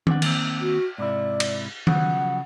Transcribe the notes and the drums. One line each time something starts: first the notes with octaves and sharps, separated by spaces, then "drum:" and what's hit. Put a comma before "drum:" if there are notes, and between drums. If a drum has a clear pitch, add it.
C4 D4 F#5, drum: tom D#3
D#3 A#3 C4, drum: cymbal
F#4
G#2 C3 E4 D5
drum: cymbal
C#3 F3 F#3 F#5, drum: tom D#3